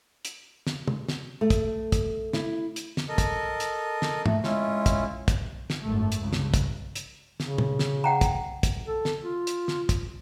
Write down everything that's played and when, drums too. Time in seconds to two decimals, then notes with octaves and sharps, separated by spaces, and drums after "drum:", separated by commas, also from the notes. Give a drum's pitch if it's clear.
0.25 drum: hi-hat
0.67 drum: snare
0.88 drum: tom
1.08 drum: snare
1.41 A3
1.50 drum: kick, hi-hat
1.92 drum: kick, hi-hat
2.33 E4, drum: snare
2.76 drum: hi-hat
2.97 drum: snare
3.09 A4 A#4 D#5
3.18 drum: kick, hi-hat
3.60 drum: hi-hat
4.02 drum: snare
4.26 A3, drum: tom G#2
4.44 G#3 C#4 E4 F4, drum: snare
4.86 drum: kick, hi-hat
5.28 drum: kick, hi-hat
5.70 drum: snare
5.82 G#1 F#2 A3
6.12 drum: hi-hat
6.22 C#2 G2 C#3
6.33 drum: snare
6.54 drum: kick, hi-hat
6.96 drum: hi-hat
7.40 C#3, drum: snare
7.58 drum: tom
7.79 drum: snare
8.04 F#5 G5 A#5
8.21 drum: kick, hi-hat
8.63 drum: kick, hi-hat
8.87 A4
9.05 drum: snare
9.20 F4
9.47 drum: hi-hat
9.68 drum: snare
9.89 drum: kick, hi-hat